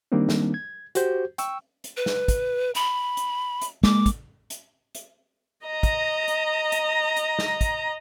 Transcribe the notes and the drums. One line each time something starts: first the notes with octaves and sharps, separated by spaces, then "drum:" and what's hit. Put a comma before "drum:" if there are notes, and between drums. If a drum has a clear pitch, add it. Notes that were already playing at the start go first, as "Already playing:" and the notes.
D#3 G3 A#3 C4 D4 D#4
drum: snare
G#6
F#4 G4 C5 G6, drum: hi-hat
G5 C#6 E6, drum: hi-hat
drum: hi-hat
B4
drum: snare
drum: kick, hi-hat
B5, drum: hi-hat
drum: hi-hat
drum: hi-hat
G#3 A#3 D6, drum: snare
drum: kick, hi-hat
drum: hi-hat
drum: hi-hat
D#5 A#5
drum: kick, hi-hat
drum: hi-hat
drum: hi-hat
drum: hi-hat
drum: snare
drum: kick, hi-hat